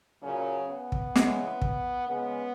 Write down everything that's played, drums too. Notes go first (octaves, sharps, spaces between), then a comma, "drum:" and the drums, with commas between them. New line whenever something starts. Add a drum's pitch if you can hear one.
A#2 C#3 F#3 C#4
B3
drum: kick
C#3 E3 G#3, drum: snare
drum: kick
C#3 G#3 B3